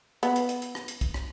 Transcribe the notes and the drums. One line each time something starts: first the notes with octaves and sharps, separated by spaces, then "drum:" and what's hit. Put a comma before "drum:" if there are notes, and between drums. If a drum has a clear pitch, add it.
B3, drum: hi-hat
drum: hi-hat
drum: hi-hat
drum: hi-hat
drum: rim click
drum: hi-hat
drum: kick, hi-hat
drum: rim click